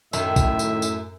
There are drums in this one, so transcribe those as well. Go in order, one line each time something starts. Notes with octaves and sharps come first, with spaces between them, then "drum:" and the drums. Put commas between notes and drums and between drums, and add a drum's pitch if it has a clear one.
F#2 A2 D#3 E5, drum: tambourine
drum: kick, tambourine
drum: tambourine
drum: tambourine